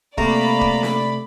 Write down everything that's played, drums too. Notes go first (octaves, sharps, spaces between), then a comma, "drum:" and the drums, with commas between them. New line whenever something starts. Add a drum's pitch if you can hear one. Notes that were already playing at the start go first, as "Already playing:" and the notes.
C3 A3 A#3 D5 A#5 B5, drum: kick
drum: kick
drum: snare